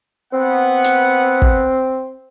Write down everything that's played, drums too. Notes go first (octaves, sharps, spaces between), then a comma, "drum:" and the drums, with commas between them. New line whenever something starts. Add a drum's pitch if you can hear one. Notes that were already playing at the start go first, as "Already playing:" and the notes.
B3 C4 F#5
drum: hi-hat
drum: kick